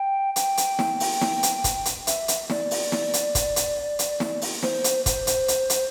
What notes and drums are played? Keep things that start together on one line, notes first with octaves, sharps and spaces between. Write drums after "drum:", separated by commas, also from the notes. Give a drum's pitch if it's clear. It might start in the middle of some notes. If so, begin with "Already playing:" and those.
Already playing: G5
G5, drum: hi-hat
drum: hi-hat
drum: snare
drum: open hi-hat
drum: snare
drum: hi-hat
drum: kick, hi-hat
drum: hi-hat
E5, drum: hi-hat
drum: hi-hat
D5, drum: snare
drum: open hi-hat
drum: snare
drum: hi-hat
drum: kick, hi-hat
drum: hi-hat
drum: hi-hat
drum: snare
drum: open hi-hat
C5, drum: snare
drum: hi-hat
C5, drum: kick, hi-hat
drum: hi-hat
drum: hi-hat
drum: hi-hat